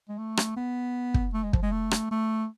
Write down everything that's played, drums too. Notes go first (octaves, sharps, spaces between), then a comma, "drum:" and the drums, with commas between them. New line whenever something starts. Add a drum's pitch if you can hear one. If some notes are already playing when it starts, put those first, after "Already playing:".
G#3
A3
drum: rim click
B3
drum: kick
A3
G#3
F3, drum: kick
G#3
A3
drum: rim click
A3